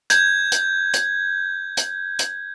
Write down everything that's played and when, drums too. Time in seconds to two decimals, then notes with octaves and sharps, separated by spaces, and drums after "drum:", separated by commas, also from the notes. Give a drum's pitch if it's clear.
0.10 G6 G#6, drum: hi-hat
0.52 drum: hi-hat
0.94 drum: hi-hat
1.77 drum: hi-hat
2.19 drum: hi-hat